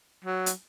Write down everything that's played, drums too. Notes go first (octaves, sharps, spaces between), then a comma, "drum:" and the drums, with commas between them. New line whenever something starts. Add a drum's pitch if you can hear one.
F#3
drum: hi-hat